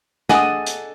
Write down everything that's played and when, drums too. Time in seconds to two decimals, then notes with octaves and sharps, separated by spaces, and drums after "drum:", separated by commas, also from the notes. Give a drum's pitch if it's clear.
0.29 D4 G#4 A4 D#5 F#5 G#5, drum: snare
0.66 drum: hi-hat